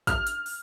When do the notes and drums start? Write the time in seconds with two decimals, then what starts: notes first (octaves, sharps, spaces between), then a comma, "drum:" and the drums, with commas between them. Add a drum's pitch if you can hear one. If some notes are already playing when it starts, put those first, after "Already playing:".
0.07 F6, drum: kick, hi-hat
0.27 drum: hi-hat
0.46 drum: open hi-hat